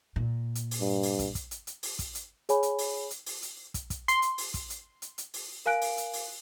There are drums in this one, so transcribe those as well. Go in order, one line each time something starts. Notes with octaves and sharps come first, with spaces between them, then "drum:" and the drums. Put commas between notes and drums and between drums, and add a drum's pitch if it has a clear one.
A#2
drum: hi-hat
drum: open hi-hat
G2
drum: open hi-hat
drum: kick, hi-hat
drum: kick, hi-hat
drum: hi-hat
drum: hi-hat
drum: open hi-hat
drum: kick, hi-hat
drum: hi-hat
G#4 C#5 G#5 B5, drum: hi-hat
drum: hi-hat
drum: open hi-hat
drum: hi-hat
drum: open hi-hat
drum: hi-hat
drum: kick, hi-hat
drum: kick, hi-hat
C6, drum: hi-hat
drum: hi-hat
drum: open hi-hat
drum: kick, hi-hat
drum: hi-hat
drum: hi-hat
drum: hi-hat
drum: open hi-hat
A#4 F5 G#5 F#6 D7
drum: open hi-hat
drum: hi-hat
drum: open hi-hat